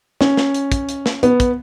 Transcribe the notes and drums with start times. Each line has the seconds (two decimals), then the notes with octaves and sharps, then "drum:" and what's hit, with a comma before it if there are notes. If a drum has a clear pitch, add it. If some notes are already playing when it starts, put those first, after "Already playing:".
0.21 C#4, drum: snare
0.37 drum: snare
0.54 drum: hi-hat
0.72 drum: kick, hi-hat
0.89 drum: hi-hat
1.06 drum: snare
1.23 B3, drum: hi-hat
1.40 drum: kick, hi-hat